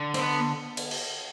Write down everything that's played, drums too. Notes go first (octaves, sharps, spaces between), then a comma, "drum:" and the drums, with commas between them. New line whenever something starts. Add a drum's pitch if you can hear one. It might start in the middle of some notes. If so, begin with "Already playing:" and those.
Already playing: D3
C4, drum: cymbal
B3
drum: cymbal
drum: cymbal